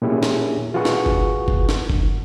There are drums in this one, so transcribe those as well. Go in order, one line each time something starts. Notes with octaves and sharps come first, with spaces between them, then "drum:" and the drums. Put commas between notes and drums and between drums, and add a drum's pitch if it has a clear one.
A#2 A#3 C#4 E4 G4 G#4
drum: snare
F4 F#4 G#4 B4 F#5 C#6
drum: snare
drum: kick F#1
drum: kick F#1
drum: snare
drum: kick F#1